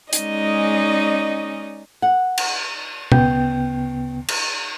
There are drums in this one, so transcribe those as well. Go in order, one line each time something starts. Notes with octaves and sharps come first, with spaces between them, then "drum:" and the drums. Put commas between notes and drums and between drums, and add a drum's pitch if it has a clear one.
G#3 C#4 D#4 D5 D#5, drum: hi-hat
F#5
drum: cymbal
D2 C#3 B3 G5 G6, drum: tom
drum: cymbal